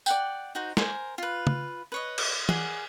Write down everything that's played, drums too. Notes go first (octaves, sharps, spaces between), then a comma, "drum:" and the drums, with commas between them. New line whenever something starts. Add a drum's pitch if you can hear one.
D5 F#5 G5, drum: tambourine
D#4 F#4 C5
A#4 C5 G#5, drum: snare
F4 B4
drum: tom
B4 C#5 D#5
drum: cymbal
G#4 D5 F#5, drum: tom